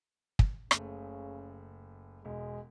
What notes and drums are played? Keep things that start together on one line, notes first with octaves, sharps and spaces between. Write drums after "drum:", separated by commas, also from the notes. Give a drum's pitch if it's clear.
drum: kick
F#1 C#3 A3, drum: rim click
E1 G#3